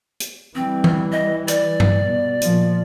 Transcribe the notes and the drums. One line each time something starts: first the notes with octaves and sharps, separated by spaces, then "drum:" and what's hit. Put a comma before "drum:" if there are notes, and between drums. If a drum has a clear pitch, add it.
drum: hi-hat
E3 G3 C4
drum: tom E3
D#5
D5, drum: hi-hat
drum: tom G2
B2
A#2 F3, drum: hi-hat